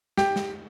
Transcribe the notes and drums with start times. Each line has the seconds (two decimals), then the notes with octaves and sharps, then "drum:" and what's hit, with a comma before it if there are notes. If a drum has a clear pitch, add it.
0.17 G4, drum: snare
0.36 drum: snare